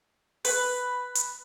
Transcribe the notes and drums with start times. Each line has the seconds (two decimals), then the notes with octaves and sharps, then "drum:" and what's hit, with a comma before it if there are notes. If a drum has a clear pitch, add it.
0.45 B4, drum: open hi-hat
1.15 drum: hi-hat